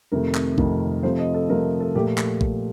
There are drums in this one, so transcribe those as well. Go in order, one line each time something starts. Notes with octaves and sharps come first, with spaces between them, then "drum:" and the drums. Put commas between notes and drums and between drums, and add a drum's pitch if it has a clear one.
F2 C3 D#3 A3 A#4
drum: clap
F2 C3 D#3 A3, drum: kick A#1
C3 F3 A3 C5
D#5
A4
C3 F3 A3 A#4
A4
A#2 F3 A3 G4
drum: clap
drum: kick A#1